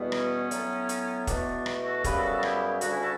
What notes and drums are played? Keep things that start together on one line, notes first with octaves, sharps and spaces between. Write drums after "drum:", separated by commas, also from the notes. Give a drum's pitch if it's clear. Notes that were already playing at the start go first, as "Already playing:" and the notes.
Already playing: E2 B2 G3 B3
C#4, drum: rim click
A2 F#3 B3, drum: hi-hat
drum: hi-hat
E2 B2 A3 B3 D4, drum: kick, hi-hat
drum: rim click
F#4 A4
F#2 C#3 G3 B3 G4 B4, drum: kick, hi-hat
F#4 A4
F#4 A4
E4 G4, drum: rim click
D2 C#3 G3 D4 F#4, drum: hi-hat
C#4 E4
F#4 A4